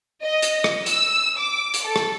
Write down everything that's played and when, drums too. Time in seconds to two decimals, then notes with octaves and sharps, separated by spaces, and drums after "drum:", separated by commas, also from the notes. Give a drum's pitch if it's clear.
0.23 D#5
0.42 drum: hi-hat
0.64 drum: rim click
0.86 E6, drum: hi-hat
1.38 D6
1.74 drum: hi-hat
1.84 A4
1.96 drum: rim click